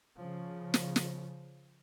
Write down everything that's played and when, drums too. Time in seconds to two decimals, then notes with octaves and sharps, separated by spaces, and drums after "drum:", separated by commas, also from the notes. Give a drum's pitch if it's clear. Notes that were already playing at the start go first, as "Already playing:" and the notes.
0.19 C#3 F3
0.74 drum: snare
0.96 drum: snare